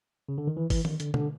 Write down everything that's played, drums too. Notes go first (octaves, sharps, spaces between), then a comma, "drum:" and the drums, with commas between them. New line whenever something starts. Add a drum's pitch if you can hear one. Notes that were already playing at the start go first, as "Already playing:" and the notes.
C#3
D3
D#3
E3
E3, drum: kick G1, open hi-hat
D#3, drum: tom
D3, drum: hi-hat
D3, drum: tom